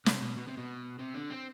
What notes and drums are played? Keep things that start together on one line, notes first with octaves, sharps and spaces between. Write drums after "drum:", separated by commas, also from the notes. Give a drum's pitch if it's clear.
C3, drum: snare
B2
B2
C3
B2
C3
D3
C4